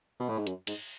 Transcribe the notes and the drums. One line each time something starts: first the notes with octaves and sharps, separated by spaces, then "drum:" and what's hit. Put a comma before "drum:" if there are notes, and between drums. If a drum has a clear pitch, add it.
B2
A2
G#2
F#2, drum: hi-hat
G#2, drum: cymbal